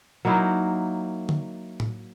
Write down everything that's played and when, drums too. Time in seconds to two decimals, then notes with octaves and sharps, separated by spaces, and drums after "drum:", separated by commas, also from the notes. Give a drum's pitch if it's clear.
0.25 F#3 A#3 D#4 E4
1.29 drum: tom D3
1.80 drum: tom A2